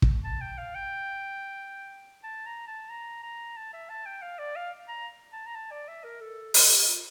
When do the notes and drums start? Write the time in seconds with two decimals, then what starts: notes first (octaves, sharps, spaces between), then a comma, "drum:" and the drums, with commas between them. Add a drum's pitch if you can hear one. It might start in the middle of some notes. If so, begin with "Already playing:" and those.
0.02 drum: kick
0.24 A5
0.41 G5
0.58 F5
0.75 G5
2.24 A5
2.46 A#5
2.68 A5
2.89 A#5
3.23 A#5
3.56 A5
3.73 E5
3.89 A5
4.06 G5
4.22 F5
4.39 D5
4.56 F5
4.88 A#5
5.32 A5
5.46 A#5
5.55 A5
5.71 D5
5.88 E5
6.04 A#4
6.21 A4
6.54 G4, drum: open hi-hat
6.88 F4